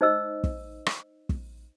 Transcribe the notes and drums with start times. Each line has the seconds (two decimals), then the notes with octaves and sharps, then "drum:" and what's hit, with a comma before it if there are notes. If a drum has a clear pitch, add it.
0.01 D#4 C5 D#5 E6
0.44 drum: kick
0.86 drum: rim click
1.29 drum: kick